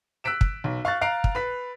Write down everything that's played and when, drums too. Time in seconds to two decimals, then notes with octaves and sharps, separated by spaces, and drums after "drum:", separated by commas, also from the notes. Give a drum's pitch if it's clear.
0.24 E6 F#6 B6 D7 E7
0.41 drum: kick
0.64 B1
0.85 F5 C#6 F#6 A6
1.01 F5 A#5 F#6 C7 D7 F7
1.24 drum: kick
1.35 B4 B6